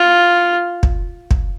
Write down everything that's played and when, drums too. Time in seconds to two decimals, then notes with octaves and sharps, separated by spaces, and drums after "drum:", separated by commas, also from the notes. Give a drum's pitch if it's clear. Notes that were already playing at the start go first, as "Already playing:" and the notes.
Already playing: F4
0.83 drum: kick
1.31 drum: kick